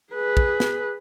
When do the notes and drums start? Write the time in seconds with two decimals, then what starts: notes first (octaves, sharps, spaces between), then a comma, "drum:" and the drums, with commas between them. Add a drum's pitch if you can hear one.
0.13 G#4 B4
0.37 drum: kick
0.60 drum: snare